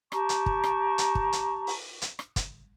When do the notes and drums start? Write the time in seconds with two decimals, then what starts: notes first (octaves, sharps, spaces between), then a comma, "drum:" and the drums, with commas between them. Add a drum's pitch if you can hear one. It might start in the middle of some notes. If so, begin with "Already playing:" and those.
0.12 G4 A5 A#5 C#6, drum: rim click
0.29 drum: hi-hat
0.46 drum: kick
0.64 drum: rim click
0.98 drum: hi-hat
1.15 drum: kick
1.33 drum: hi-hat
1.67 drum: open hi-hat
2.02 drum: hi-hat
2.19 drum: rim click
2.36 drum: kick, hi-hat